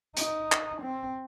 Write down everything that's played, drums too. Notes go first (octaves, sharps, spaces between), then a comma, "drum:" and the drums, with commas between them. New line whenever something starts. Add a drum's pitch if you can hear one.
D#4, drum: hi-hat
drum: clap
C4